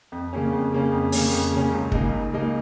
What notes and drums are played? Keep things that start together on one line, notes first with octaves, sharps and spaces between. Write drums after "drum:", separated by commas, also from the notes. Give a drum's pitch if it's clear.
F2
C#3 A#3 C#4
F2
C#3 A#3 C#4
F2
C#3 A#3 C#4, drum: open hi-hat
F2
C#3 A#3 C#4
C#2
C#3 A#3 D#4 G#4, drum: kick
C#2
C#3 A#3 D#4 G#4